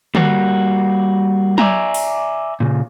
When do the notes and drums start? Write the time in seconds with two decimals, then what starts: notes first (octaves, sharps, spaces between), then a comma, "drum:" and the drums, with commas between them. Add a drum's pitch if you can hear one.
0.15 G3 A#3 F#4, drum: tom D3
1.58 D5 E5 G#5 A#5, drum: tom F#3
1.94 drum: open hi-hat
2.60 A#2 C#3